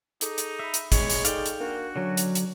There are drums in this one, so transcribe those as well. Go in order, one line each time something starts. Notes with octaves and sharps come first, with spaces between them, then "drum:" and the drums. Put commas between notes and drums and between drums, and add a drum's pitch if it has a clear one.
D#4 G#4 A4 D6, drum: hi-hat
drum: hi-hat
E5 B5 B6
drum: hi-hat
G#3 C#5, drum: kick, hi-hat
drum: hi-hat
D#4 A4 D5 F5 G5, drum: hi-hat
drum: hi-hat
A#3 D4 F#4
D3 F#3 C#4
drum: hi-hat
drum: hi-hat